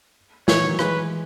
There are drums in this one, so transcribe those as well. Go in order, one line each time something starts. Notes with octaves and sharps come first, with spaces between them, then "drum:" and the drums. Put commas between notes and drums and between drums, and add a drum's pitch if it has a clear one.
E3 C#5, drum: snare
D#3 F#3
E3 G#3 B4, drum: rim click